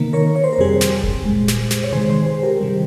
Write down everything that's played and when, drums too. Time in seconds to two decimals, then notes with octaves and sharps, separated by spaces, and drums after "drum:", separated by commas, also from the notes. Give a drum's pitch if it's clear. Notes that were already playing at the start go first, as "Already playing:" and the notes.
Already playing: C3 D#3 A#3
0.13 A#4 C#5
0.36 C#5
0.44 C5
0.53 A#4
0.58 F2 C3 G3 G#4 C5
0.81 drum: snare
1.03 drum: kick E1
1.25 A#2 G#3
1.48 drum: snare
1.71 drum: snare
1.84 C#5
1.93 C3 D#3 G#3 G#4 C5
2.10 G#4 C5
2.26 G#4 C5
2.43 G4 A#4
2.60 C3 D#3 G3